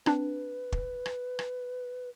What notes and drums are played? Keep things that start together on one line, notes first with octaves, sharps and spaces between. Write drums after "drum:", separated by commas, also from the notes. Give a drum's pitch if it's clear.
C4 D4 B4, drum: rim click
drum: kick
drum: rim click
drum: rim click